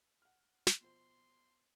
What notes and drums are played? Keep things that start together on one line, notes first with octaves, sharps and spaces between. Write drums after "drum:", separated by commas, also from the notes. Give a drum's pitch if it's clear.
F#5 F6
drum: snare
B2 F3 C5 C6